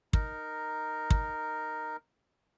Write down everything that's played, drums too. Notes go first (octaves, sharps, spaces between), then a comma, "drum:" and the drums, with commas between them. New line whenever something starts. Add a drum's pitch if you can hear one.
D#4 A#4, drum: kick
drum: kick